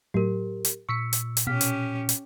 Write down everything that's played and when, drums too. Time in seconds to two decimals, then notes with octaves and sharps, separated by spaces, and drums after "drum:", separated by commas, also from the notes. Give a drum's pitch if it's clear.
0.14 A2 F#3 G4 A#4
0.65 drum: hi-hat
0.89 A#2 C#6 E6 B6 C#7
1.13 drum: hi-hat
1.37 drum: hi-hat
1.47 B2 C#4 G4 F6 B6
1.61 drum: hi-hat
2.09 drum: hi-hat